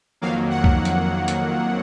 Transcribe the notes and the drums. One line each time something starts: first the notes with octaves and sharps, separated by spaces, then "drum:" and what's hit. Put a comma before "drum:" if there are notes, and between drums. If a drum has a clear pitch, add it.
F2 D#3 F#3 A#3 F5
F#5
drum: kick C2
drum: hi-hat
drum: hi-hat